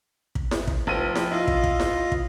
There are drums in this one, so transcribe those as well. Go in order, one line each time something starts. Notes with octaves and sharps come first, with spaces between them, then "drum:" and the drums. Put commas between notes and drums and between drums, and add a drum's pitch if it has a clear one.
drum: kick
drum: snare E4
drum: kick
F1 F3 D#7
drum: snare E4
E4 F4 D#5 F5
drum: kick
drum: kick
drum: snare E4
drum: kick